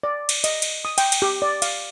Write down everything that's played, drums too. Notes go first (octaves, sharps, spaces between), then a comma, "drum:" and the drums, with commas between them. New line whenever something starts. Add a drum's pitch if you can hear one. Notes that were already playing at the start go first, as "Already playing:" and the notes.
D5
drum: cymbal
D#5, drum: cymbal
drum: cymbal
D#6
G5, drum: cymbal
drum: cymbal
G4
D5
F5, drum: cymbal